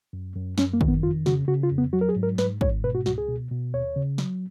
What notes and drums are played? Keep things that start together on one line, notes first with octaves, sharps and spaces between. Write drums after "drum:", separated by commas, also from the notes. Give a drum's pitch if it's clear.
F#2
F#2
F#2 C#4, drum: snare
A#3
D#3, drum: kick
B3
F2 F4
C#3 F#4, drum: snare
C#3 F#4
F4
F2
B3
F#3 F#4
A#4
G#4
G#2
A#4
G#2 B4, drum: snare
G#2 C#5, drum: kick
B2 B4
F#4
C#2 F#4, drum: snare
G#4
B2
B2
D#2 C#5
C#3
F#3, drum: snare